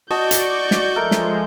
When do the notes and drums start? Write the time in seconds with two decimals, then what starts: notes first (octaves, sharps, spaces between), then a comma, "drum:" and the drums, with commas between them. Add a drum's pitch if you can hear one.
0.11 F#4 D5 D#5 A5 C#6 G6
0.31 drum: hi-hat
0.71 drum: snare
0.96 F3 G#3 A3 A#4
1.11 drum: snare